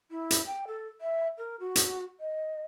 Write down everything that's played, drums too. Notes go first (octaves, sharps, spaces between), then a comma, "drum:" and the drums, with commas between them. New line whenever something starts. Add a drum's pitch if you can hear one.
E4
drum: hi-hat
G5
A4
E5
A#4
F#4
drum: hi-hat
D#5